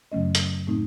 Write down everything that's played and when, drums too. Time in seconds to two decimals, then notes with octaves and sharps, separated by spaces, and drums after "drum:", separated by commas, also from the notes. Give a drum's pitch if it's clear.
0.12 F#2 C#3 F#3 A3 C#4 D#5
0.35 drum: hi-hat
0.67 A2 A3 C4 D#4